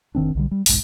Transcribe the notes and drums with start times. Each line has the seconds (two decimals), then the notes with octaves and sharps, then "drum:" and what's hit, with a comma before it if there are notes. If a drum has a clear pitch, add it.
0.15 F1 D#3 C4 D4
0.35 B1 D3 G3
0.51 G3
0.66 F1 B1 G#2, drum: open hi-hat